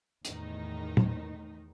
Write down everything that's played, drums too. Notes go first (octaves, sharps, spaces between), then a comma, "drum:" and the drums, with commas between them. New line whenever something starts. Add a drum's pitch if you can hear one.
E2 A2 D#3 D#4, drum: hi-hat
drum: tom